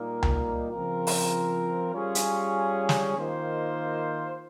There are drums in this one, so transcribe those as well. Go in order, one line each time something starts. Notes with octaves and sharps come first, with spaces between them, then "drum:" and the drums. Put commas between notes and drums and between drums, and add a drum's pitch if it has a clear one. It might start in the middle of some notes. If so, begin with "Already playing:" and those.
Already playing: A#2 G3 A#3 D#4 A#4
drum: tom C#2
C#3 F3 C4 F4 A#4
drum: open hi-hat
G3 C#4 F4 G#4 C#5
drum: hi-hat
drum: snare
D#3 A#3 F4 C5 D#5